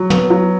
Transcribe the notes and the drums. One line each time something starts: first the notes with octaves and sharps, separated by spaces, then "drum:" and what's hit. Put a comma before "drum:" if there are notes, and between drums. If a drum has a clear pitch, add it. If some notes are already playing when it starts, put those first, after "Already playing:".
Already playing: F#3
B3, drum: tom
F#3